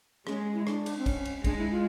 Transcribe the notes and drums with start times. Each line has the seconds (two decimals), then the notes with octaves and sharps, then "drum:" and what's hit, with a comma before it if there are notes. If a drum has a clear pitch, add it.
0.27 G#3 C#4, drum: rim click
0.54 E4
0.67 D4, drum: rim click
0.86 drum: cymbal
0.98 C4
1.06 C#4, drum: kick, cymbal
1.25 drum: cymbal
1.44 G#3 D4, drum: kick, cymbal
1.58 E4
1.71 F4